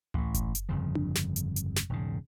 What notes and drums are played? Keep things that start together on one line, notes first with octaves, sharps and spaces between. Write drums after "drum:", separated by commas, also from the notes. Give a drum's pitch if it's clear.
A1 A2, drum: tom C#2
drum: kick F#1, hi-hat
drum: hi-hat
G1 F2 C#3 F3
drum: tom D4
drum: snare
drum: hi-hat
drum: hi-hat
drum: snare
E1 G#2 C#3